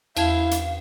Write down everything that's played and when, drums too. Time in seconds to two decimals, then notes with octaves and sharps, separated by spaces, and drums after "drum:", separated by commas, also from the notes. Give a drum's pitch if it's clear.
0.17 E2 E4 F5 A5 G#6, drum: cymbal
0.51 drum: hi-hat